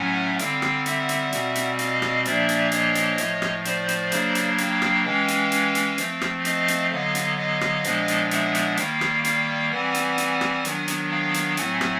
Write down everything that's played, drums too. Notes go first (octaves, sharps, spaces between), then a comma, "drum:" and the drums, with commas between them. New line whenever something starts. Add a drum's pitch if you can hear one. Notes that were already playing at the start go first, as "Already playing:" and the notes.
Already playing: A2 F#3 A3 C#4 F#5 G#5
D3 G3 C4 F5 G5, drum: hi-hat
drum: rim click
E5 F#5, drum: hi-hat
drum: hi-hat
B2 G3 C4, drum: hi-hat
drum: hi-hat
D#5 F5, drum: hi-hat
drum: rim click
A#2 F3 A#3 D4 D5 E5, drum: hi-hat
drum: hi-hat
C#5 D#5, drum: hi-hat
drum: hi-hat
A2 F3 A3, drum: hi-hat
drum: rim click
C5 D5, drum: hi-hat
drum: hi-hat
C#3 F#3 A#3 D4, drum: hi-hat
drum: hi-hat
F5 G5, drum: hi-hat
drum: rim click
E3 G#3 C#4 F5 G5
drum: hi-hat
drum: hi-hat
drum: hi-hat
F3 A3 C4, drum: hi-hat
drum: rim click
D#5 F5, drum: hi-hat
drum: hi-hat
D3 F#3 B3 D#5 F5
drum: hi-hat
D#5 F5
drum: rim click
A#2 F3 G#3 B3 D4, drum: hi-hat
drum: hi-hat
E5 F#5, drum: hi-hat
drum: hi-hat
D#3 G3 A#3 F5 G5, drum: hi-hat
drum: rim click
F5 G5, drum: hi-hat
E3 G3 C4 F#5 G#5
drum: hi-hat
drum: hi-hat
drum: rim click
D#3 F#3 B3 D4, drum: hi-hat
drum: hi-hat
F5 G5
drum: hi-hat
A2 F#3 A3 C4 F#5 G#5, drum: hi-hat
drum: rim click